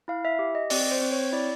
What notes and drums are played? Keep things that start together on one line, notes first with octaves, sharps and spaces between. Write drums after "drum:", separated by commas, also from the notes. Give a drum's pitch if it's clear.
E4 F5
E5
G4
D#5
C4 D5, drum: open hi-hat
C5
C4
C#5
E4 D5